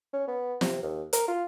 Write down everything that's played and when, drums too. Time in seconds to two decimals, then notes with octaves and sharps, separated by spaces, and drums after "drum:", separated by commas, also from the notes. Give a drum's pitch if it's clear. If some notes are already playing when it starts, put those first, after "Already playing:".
0.13 C#4
0.27 B3
0.61 C3, drum: snare
0.82 D#2
1.13 A#4, drum: hi-hat
1.28 F4